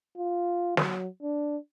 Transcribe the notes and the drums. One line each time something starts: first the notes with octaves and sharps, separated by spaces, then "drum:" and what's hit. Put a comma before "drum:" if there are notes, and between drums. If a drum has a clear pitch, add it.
F4
F#3, drum: snare
D4